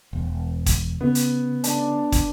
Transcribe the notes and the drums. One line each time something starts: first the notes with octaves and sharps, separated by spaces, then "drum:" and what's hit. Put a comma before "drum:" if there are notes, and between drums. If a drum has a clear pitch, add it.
E1
drum: kick, hi-hat
C#3 B3
drum: hi-hat
D4, drum: hi-hat
drum: kick, hi-hat